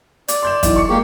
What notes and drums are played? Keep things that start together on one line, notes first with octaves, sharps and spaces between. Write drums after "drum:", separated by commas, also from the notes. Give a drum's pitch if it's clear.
D5, drum: hi-hat
C6 G6 E7
B1 E3, drum: kick, hi-hat
C#6 C#7
G#3 A#3 G4